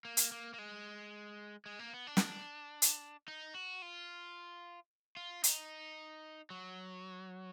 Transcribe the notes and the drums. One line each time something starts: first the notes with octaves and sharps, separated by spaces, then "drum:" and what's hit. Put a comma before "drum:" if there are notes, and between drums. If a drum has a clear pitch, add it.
A#3
drum: hi-hat
A#3
A#3
G#3
G#3
A#3
B3
D4
drum: snare
drum: hi-hat
D#4
F#4
F4
F4
D#4, drum: hi-hat
F#3